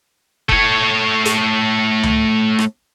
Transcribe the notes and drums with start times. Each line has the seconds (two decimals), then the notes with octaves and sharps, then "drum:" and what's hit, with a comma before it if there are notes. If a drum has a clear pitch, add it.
0.49 A3 C#5, drum: kick F1
1.25 drum: hi-hat
2.03 drum: tom C#2
2.59 drum: rim click